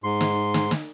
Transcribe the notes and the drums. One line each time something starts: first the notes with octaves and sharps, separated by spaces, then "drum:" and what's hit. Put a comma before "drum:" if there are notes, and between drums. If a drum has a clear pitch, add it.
G#2 C6
drum: snare
drum: snare
drum: snare